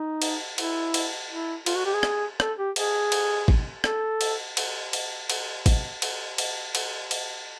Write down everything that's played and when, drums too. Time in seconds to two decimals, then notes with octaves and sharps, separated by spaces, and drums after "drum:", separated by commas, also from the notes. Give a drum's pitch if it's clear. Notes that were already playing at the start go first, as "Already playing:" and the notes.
Already playing: D#4
0.22 drum: cymbal
0.58 E4, drum: cymbal
0.94 drum: cymbal
1.30 E4
1.66 F4, drum: cymbal
1.75 F#4
1.85 G4
1.94 G#4
2.03 drum: rim click
2.40 A4, drum: rim click
2.58 G4
2.76 G#4, drum: cymbal
3.12 drum: cymbal
3.48 drum: kick A1
3.84 A4, drum: rim click
4.21 drum: cymbal
4.57 drum: cymbal
4.93 drum: cymbal
5.30 drum: cymbal
5.66 drum: kick A1, cymbal
6.02 drum: cymbal
6.38 drum: cymbal
6.75 drum: cymbal
7.11 drum: cymbal